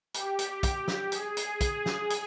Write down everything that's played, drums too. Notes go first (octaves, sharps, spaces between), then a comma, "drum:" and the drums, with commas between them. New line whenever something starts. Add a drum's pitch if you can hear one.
G4, drum: hi-hat
drum: hi-hat
drum: kick, hi-hat
drum: snare
G#4, drum: hi-hat
drum: hi-hat
G#4, drum: kick, hi-hat
drum: snare
drum: hi-hat